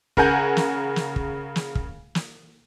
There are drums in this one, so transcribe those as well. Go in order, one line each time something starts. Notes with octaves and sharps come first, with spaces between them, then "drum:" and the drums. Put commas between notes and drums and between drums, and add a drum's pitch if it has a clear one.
C#3 A#4 F#5 G#5 G6, drum: kick
drum: snare
drum: snare
drum: kick
drum: snare
drum: kick
drum: snare